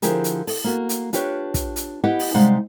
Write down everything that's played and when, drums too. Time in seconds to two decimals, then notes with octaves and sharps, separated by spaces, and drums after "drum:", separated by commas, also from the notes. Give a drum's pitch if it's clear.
0.02 D3 F3 E4 G4 G#4 A#4, drum: hi-hat
0.24 drum: hi-hat
0.47 A4, drum: open hi-hat
0.64 A#3 F#4
0.89 drum: hi-hat
1.13 D4 F4 G4 B4 C#5, drum: hi-hat
1.54 drum: kick, hi-hat
1.76 drum: hi-hat
2.04 E4 G4 B4 D#5 F#5
2.19 drum: open hi-hat
2.34 C3 G3 G#3 D#4 F5 F#5